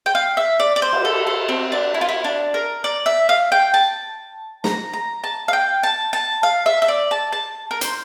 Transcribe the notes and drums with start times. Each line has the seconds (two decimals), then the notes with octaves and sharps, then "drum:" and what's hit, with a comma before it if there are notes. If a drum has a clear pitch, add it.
0.06 G5
0.15 F5
0.37 E5
0.60 D5
0.76 D5
0.82 C5
0.93 drum: cymbal
1.05 A4
1.27 A4
1.49 C4
1.72 D4
1.94 E4
2.01 F4
2.09 E4
2.24 D4
2.54 A#4
2.84 D5
3.06 E5
3.29 F5
3.52 G5
3.74 A5
4.64 A#5, drum: snare
4.93 A#5
5.24 A5
5.48 F5
5.53 G5
5.83 A5
6.13 A5
6.43 F5
6.66 E5
6.82 E5
6.88 D5
7.11 A5
7.32 A5
7.71 A#4
7.81 C5, drum: hi-hat